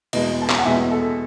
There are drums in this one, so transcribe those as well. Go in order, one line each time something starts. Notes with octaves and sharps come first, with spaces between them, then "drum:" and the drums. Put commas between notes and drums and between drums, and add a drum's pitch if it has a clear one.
E2 B2 G#3 D#5, drum: cymbal
A5
G#5, drum: clap
F#5
E2 B2 G#3 E5
A4